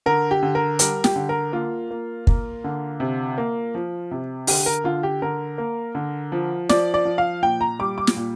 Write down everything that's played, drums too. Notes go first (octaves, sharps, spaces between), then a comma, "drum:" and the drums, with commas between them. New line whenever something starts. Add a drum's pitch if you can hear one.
D3 A#4
G4
D3
A#4
G3 A#4, drum: hi-hat
G4, drum: snare
D3
A#4
A#3 F4
A#3
A#3, drum: kick
D3
C3
A#3
F3
C3
D3 G4, drum: open hi-hat
A#4
D3 F4
G4
D3 A#4
A#3
D3
F3
F3 D5, drum: snare
D5
F3
F5
A#2 G5
A#5
G3 D6
D6
drum: snare
A#2